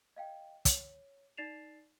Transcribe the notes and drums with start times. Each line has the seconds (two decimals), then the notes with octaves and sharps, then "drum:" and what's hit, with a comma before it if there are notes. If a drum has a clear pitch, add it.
0.16 D#5 F5 G5
0.65 C#5, drum: kick, hi-hat
1.37 D#4 D5 A6 C7 E7 F7